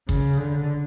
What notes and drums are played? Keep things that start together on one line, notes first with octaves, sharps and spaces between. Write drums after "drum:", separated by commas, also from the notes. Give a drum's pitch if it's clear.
C#3, drum: kick
D3